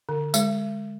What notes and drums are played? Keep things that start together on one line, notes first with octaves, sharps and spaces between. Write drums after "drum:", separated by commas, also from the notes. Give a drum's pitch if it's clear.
D3
G#3, drum: tambourine